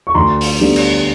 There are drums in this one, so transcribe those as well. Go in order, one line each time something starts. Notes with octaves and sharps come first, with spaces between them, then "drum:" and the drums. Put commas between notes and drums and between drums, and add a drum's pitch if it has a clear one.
C#6
D2 A#5 C6
drum: open hi-hat
D3 G3 B3
drum: cymbal